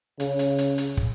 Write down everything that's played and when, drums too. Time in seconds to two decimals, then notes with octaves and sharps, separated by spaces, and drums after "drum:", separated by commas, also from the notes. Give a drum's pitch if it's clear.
0.20 C#3, drum: hi-hat
0.39 drum: hi-hat
0.58 drum: hi-hat
0.78 drum: hi-hat
0.97 drum: kick